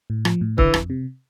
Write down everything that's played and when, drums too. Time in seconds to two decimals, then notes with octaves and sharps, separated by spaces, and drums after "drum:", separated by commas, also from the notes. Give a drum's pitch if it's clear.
0.10 A2
0.25 F3, drum: rim click
0.41 A2
0.58 D3 E3, drum: kick
0.74 F2, drum: rim click
0.90 C3